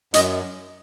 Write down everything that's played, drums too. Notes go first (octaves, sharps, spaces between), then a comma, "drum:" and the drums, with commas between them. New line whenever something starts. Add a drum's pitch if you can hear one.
F#2 D#5, drum: hi-hat